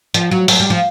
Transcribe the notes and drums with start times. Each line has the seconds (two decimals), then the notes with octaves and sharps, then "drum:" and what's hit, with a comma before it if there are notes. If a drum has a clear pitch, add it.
0.14 F3, drum: hi-hat
0.31 F#3
0.48 F#3, drum: open hi-hat
0.60 G3
0.70 F3